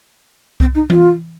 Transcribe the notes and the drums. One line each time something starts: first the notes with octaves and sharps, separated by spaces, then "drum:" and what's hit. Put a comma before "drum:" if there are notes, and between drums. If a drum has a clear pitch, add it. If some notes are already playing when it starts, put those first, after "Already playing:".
C4, drum: kick C2
D#4
F4, drum: tom E3